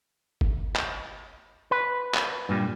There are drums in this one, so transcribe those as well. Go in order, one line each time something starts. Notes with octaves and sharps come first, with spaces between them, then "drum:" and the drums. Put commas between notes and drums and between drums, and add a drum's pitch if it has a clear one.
drum: kick G1
drum: clap
B4
drum: clap
G2 A#2 G3